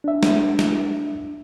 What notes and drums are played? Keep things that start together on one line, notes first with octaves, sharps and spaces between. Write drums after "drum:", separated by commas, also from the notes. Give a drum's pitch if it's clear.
D4 E5
drum: snare
drum: snare